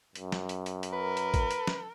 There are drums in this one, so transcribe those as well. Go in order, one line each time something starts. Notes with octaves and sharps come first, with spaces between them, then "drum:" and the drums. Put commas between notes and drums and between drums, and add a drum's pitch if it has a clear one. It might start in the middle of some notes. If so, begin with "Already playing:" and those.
F#2, drum: hi-hat
drum: snare
drum: hi-hat
drum: hi-hat
drum: hi-hat
A#4 B4
drum: hi-hat
drum: kick, hi-hat
drum: hi-hat
drum: snare